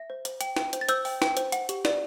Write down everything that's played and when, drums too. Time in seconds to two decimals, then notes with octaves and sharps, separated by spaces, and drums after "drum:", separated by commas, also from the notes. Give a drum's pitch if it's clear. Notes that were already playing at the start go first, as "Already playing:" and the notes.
Already playing: E5
0.10 C5
0.25 C5, drum: hi-hat
0.41 G5, drum: hi-hat
0.56 G5, drum: snare
0.73 C5, drum: hi-hat
0.81 A6
0.89 C5 E6 G6, drum: hi-hat
1.05 G5, drum: open hi-hat
1.22 G5, drum: snare
1.37 C5, drum: hi-hat
1.52 F#5, drum: hi-hat
1.69 G4, drum: hi-hat
1.85 D5, drum: snare